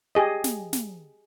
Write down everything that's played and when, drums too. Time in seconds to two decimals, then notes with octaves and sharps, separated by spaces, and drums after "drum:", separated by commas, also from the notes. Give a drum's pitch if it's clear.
0.15 G4 G#4 D#5
0.44 drum: snare
0.73 drum: snare